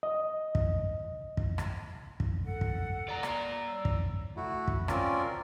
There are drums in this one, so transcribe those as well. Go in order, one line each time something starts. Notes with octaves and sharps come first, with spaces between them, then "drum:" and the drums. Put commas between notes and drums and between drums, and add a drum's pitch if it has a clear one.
D#5
drum: kick
drum: kick
drum: rim click
drum: kick
A4 F#5
drum: kick
D5 A#5
drum: rim click
G3 C#5 E6
drum: kick
A3 E4 F#4
drum: kick
C4 C#4 F4 A#4 D5, drum: rim click